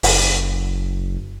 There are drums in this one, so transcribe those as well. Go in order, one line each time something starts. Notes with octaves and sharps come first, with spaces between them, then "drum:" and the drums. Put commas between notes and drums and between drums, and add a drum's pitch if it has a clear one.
F#1, drum: open hi-hat